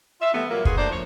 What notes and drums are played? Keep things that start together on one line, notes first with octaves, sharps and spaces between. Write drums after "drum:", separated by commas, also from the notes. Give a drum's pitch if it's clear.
F4 E5
A2 E3 G3 A3 B3
A#2 F#3 G3 A#3
D3 B3 F4 F#4 G#4, drum: kick
D2 A3 A#3 D4 C5 D5
F3 C#5